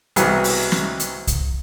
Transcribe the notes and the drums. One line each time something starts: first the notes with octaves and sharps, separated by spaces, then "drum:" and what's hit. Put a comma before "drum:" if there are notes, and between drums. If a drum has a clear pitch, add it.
C2 B2 E3 F#3 G#3 B3, drum: hi-hat
drum: open hi-hat
drum: snare
drum: hi-hat
drum: kick C2, hi-hat